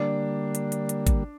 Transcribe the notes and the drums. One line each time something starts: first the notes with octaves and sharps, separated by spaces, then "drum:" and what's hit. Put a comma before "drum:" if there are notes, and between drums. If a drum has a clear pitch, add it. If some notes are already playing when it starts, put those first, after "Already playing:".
Already playing: D3 G3 A#3 D4
drum: hi-hat
drum: hi-hat
drum: hi-hat
drum: kick G#1, hi-hat